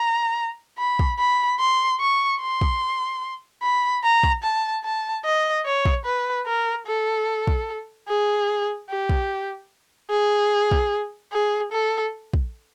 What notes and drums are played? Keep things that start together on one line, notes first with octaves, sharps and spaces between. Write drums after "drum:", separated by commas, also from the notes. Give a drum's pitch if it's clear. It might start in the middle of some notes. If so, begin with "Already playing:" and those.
Already playing: A#5
B5
drum: kick
B5
C6
C#6
C6
drum: kick
B5
A#5
drum: kick
A5
A5
D#5
C#5
drum: kick
B4
A#4
A4
drum: kick
G#4
G4
drum: kick
G#4
drum: kick
G#4
A4
drum: kick